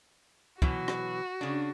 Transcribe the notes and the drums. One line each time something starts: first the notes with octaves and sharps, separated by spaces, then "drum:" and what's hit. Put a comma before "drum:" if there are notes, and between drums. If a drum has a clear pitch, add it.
B2 E3 F#3 F#4, drum: kick
drum: rim click
C#3 D4